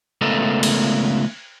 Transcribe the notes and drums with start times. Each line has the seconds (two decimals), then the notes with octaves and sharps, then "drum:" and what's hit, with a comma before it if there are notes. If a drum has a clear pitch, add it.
0.21 C#2 A3 B3 A4 A#4 D#5
0.63 drum: cymbal